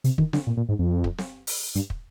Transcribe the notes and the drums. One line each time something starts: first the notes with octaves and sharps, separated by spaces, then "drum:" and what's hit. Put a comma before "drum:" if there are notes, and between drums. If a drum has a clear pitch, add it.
C3, drum: hi-hat
D#3, drum: kick
D3, drum: snare C4
A#2
A#2
G#2
F2
drum: kick
drum: snare C4
drum: open hi-hat
G2, drum: hi-hat
drum: kick